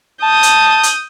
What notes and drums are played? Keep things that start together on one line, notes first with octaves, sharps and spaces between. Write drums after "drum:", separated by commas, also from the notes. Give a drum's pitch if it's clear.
A5 D#6 G6
drum: hi-hat
drum: hi-hat